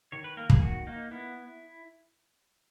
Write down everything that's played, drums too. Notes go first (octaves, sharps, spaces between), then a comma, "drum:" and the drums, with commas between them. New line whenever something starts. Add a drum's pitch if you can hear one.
D#3 C#5
B4
A#3 A#4
G#4, drum: kick
D#3 F#4
A#3 D#4
B3 E4